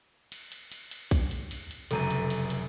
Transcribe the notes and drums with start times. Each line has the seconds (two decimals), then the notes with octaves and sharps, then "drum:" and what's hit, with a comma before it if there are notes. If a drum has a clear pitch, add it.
0.32 drum: cymbal
0.52 drum: cymbal
0.72 drum: cymbal
0.91 drum: cymbal
1.11 drum: kick A#1, cymbal
1.31 drum: cymbal
1.51 drum: cymbal
1.71 drum: cymbal
1.91 F1 C#2 F#2 A4 A#5 D#7, drum: cymbal
2.11 drum: cymbal
2.30 drum: cymbal
2.50 drum: cymbal